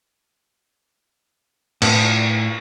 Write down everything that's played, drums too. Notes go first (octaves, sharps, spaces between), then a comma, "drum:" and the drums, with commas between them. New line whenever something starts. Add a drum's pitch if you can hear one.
A2, drum: cymbal